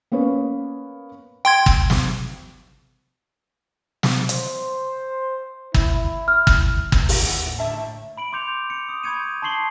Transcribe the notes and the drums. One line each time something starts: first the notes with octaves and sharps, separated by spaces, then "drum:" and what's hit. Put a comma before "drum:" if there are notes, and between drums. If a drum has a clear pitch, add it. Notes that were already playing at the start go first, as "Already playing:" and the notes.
A#3 B3 C#4 B4 C#5
G5 C6 G#6
drum: kick
drum: snare
drum: snare
C5, drum: hi-hat
E4, drum: kick
F6
drum: kick
C3 B3, drum: kick
D#2, drum: open hi-hat
E3 B3
A2
D3 E5 A5
D#3
B5 D7 F#7
C6 D6 G6 C#7 F7
C#7
D#6
B5 C#6 G6 G#6 C#7 D#7
A5 C6 C#6 C7 F#7 G7